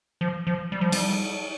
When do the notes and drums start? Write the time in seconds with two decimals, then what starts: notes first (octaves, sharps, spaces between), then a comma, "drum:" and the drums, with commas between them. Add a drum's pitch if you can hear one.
0.21 F3
0.47 F3
0.72 G3
0.81 F3
0.92 G3, drum: cymbal